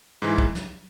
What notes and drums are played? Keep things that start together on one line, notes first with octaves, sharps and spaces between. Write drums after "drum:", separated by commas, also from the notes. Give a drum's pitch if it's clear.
G#2 E3 G#3
drum: kick
drum: snare